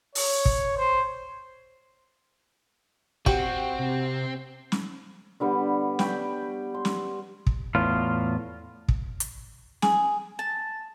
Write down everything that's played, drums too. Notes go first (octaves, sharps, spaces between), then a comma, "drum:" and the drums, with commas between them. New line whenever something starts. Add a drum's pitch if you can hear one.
C#5, drum: open hi-hat
drum: kick
C5
C4 F#4 G4, drum: kick
C3
drum: snare
D3 G3 B3
G5 B5 C#6, drum: snare
C6
drum: snare
drum: kick
E2 A2 F4
drum: kick
drum: hi-hat
G#4, drum: snare
A5